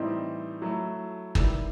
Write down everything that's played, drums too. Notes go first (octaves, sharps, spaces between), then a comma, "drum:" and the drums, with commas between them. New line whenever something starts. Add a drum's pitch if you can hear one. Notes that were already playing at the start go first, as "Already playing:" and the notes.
Already playing: A2 E3 G3 C4 D#4
F#3 A3 E4
D#3 G3 B3 E4, drum: kick